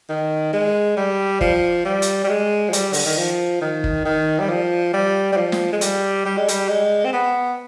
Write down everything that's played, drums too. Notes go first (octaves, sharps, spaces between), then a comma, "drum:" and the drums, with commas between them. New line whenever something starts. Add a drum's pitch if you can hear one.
D#3
G#3
G3
F3, drum: kick
G3
drum: hi-hat
G3
G#3
F3
G3, drum: hi-hat
D3, drum: open hi-hat
D#3
F3
D#3
drum: kick
D#3
G3
F3
G3
G3
F3
drum: snare
G#3
G3, drum: hi-hat
G3
G#3
G3, drum: hi-hat
G#3
C4
B3